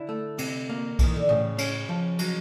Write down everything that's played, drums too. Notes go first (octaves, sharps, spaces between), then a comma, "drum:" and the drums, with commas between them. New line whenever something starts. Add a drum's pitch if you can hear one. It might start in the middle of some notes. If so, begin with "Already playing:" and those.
Already playing: D3 E4
A3
C3, drum: cymbal
A#3
D#3 E3, drum: kick B1, cymbal
D3
A2 C#3
C#4, drum: cymbal
F3
F#3, drum: cymbal